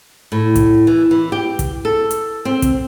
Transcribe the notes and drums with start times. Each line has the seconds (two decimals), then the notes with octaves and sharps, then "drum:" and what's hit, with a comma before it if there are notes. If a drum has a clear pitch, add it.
0.32 A2
0.55 drum: kick, hi-hat
0.87 E3
1.11 E3
1.32 G4
1.59 drum: kick, hi-hat
1.85 A4
2.11 drum: hi-hat
2.45 C4
2.62 drum: kick, hi-hat